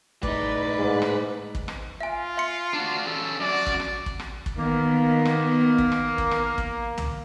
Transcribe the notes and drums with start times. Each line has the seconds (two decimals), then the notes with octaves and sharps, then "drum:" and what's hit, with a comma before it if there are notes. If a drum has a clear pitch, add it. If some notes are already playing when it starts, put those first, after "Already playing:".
0.23 A2 D#4 B4 D5, drum: kick
0.78 G#2
1.02 drum: rim click
1.55 drum: kick
1.68 drum: rim click
2.01 F4 E5 G#5
2.37 E5 C6 C#7
2.74 D4 F#4
3.07 C#4 A4
3.40 F#2 F#4 D5
3.67 drum: kick
3.80 drum: rim click
4.06 drum: kick
4.19 drum: rim click
4.46 drum: kick
4.57 D#3 A#3 B3
5.25 drum: rim click
5.78 drum: kick
5.92 drum: rim click
6.18 drum: kick
6.31 drum: rim click
6.58 drum: kick
6.98 drum: tom